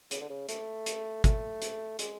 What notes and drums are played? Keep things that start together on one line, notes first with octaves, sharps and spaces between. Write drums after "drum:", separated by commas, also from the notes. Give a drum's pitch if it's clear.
C#3, drum: hi-hat
D3
C#3
A3, drum: hi-hat
drum: hi-hat
A3, drum: kick, hi-hat
drum: hi-hat
G#3, drum: hi-hat